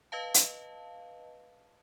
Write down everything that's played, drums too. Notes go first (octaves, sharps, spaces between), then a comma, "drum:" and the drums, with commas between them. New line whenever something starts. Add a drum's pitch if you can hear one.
B4 D#5 F5 A5
drum: hi-hat